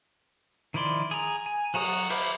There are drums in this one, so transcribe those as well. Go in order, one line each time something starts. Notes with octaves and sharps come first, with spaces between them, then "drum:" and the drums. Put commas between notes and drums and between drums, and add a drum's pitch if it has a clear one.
D#3 F3 E4 D5 C6
G#4 A#5
G#5
F#3 F#4 A#5 D#6, drum: cymbal
C5 E5 F5 B5 D6, drum: open hi-hat